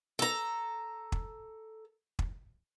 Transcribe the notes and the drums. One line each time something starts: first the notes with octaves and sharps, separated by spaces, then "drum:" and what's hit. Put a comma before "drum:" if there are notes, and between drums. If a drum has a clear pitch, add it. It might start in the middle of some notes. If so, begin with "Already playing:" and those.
A4 A#5
drum: kick
drum: kick